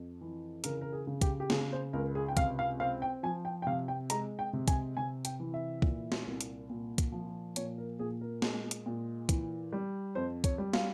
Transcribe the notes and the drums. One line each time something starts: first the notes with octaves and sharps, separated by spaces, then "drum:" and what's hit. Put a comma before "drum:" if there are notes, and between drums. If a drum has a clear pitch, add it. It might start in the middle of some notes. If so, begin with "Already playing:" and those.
Already playing: F2
E3
C#3 A#4, drum: hi-hat
A#4
G#4
C#3
G4, drum: kick, hi-hat
G4
C#3 G#4, drum: snare
C5
C#2 A#4
G#4
G5
C3 F5, drum: kick, hi-hat
F5
C4 F5
G5
F3 G#5
G5
G5
C3 F5
G5
G#3 A#5, drum: hi-hat
G5
C3
G#5, drum: kick, hi-hat
C3 G#5
G5, drum: hi-hat
E3
E5
A#2, drum: kick
drum: snare
C2
drum: hi-hat
A#2
drum: kick, hi-hat
F3
A#2 C#5, drum: hi-hat
A#4
A#2 G#4
A#4
G#3, drum: snare
drum: hi-hat
A#2
E3, drum: kick, hi-hat
G3
F2 C5
C#5, drum: kick, hi-hat
G3
F5, drum: snare